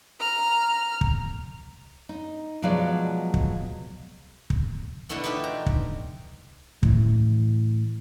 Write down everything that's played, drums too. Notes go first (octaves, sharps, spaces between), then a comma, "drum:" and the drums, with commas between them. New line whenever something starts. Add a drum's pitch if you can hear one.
A#5 F6
drum: kick
D#4
B2 F3 F#3 G#3 D5
drum: kick
drum: kick
B2 D3 E3 A3 B3
D4 D#4 F4 G4 A4 D5
A#5
drum: kick
A2 E3, drum: kick